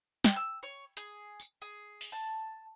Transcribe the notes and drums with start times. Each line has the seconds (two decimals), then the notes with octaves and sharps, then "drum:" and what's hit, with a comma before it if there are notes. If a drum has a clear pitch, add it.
0.24 G5, drum: snare
0.36 E6
0.63 C#5
0.97 G#4, drum: hi-hat
1.40 drum: tambourine
1.62 G#4
2.01 drum: open hi-hat
2.12 A5